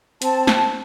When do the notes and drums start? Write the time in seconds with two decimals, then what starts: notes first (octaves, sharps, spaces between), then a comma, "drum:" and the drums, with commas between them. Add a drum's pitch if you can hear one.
0.22 C4 A5, drum: hi-hat
0.47 drum: snare